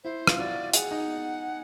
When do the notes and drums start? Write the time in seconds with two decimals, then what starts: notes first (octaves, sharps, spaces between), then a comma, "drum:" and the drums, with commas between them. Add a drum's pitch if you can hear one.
0.04 E4 C5
0.27 F4, drum: rim click
0.39 F#4 D5
0.73 G#4 F#5, drum: hi-hat
0.91 D#4